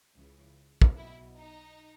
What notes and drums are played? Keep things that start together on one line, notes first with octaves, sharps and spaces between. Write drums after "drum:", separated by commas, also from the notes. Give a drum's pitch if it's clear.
C#2 C#3 E3
drum: kick
B1 B2 E4
D#4